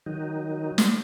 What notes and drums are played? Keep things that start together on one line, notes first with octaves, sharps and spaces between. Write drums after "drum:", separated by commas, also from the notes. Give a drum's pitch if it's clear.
D#3 F#3 D#4
drum: snare